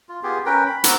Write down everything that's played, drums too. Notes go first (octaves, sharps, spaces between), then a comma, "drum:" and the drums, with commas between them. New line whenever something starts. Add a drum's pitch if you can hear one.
F4
B3 F4 G4 G#4
C#4 A#4 B4 G5
B5
C4 A#4 F#5 A#5, drum: hi-hat